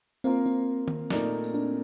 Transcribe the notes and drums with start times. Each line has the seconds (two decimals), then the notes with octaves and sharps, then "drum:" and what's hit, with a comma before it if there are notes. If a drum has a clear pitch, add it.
0.24 A#3 C4 F4 A#4
0.46 C4
0.88 drum: tom D#3
1.10 A#2 A3 D#4 A#4 D5, drum: snare
1.44 drum: tambourine
1.54 D4